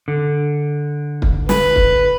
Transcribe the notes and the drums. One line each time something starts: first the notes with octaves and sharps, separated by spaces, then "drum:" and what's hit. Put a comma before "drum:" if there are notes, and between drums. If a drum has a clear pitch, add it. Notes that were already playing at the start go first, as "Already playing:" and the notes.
D3
drum: kick
B4, drum: snare
drum: kick